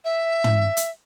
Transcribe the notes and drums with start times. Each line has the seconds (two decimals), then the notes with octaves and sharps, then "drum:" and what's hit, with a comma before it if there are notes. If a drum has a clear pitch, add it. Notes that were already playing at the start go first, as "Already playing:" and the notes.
0.04 E5
0.44 drum: tom
0.77 drum: hi-hat